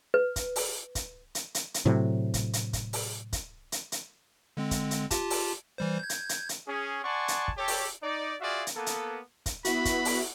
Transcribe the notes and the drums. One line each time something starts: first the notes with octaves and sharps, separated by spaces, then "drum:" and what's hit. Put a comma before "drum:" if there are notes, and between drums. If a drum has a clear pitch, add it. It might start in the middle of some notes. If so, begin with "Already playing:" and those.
B4
drum: kick, hi-hat
drum: open hi-hat
drum: kick, hi-hat
drum: hi-hat
drum: hi-hat
drum: hi-hat
A2 C3 F#3
drum: kick, hi-hat
drum: hi-hat
drum: kick, hi-hat
drum: open hi-hat
drum: kick, hi-hat
drum: hi-hat
drum: hi-hat
D3 G#3 C4
drum: kick, hi-hat
drum: hi-hat
F4 G4 A5, drum: kick, hi-hat
drum: open hi-hat
E3 G3 C5
G6 G#6
drum: hi-hat
drum: hi-hat
drum: hi-hat
C#4 G#4
D5 F#5 G#5 A5 C6 C#6
drum: hi-hat
drum: kick
G4 A4 C#5
drum: open hi-hat
D#4 D5
F4 F#4 G#4 D5 E5 F5
drum: hi-hat
A#3 B3 A4
drum: hi-hat
drum: kick, hi-hat
B3 E4 F#4 B5, drum: hi-hat
drum: kick, hi-hat
drum: open hi-hat